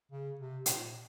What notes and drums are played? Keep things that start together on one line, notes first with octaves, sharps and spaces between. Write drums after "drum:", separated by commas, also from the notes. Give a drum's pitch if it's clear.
C#3
C3
A#2, drum: hi-hat